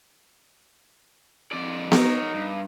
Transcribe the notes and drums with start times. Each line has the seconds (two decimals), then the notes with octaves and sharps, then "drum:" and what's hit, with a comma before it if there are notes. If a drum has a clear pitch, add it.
1.52 F2 D5
1.92 D#4 A#4 C#5, drum: snare B3
2.34 G2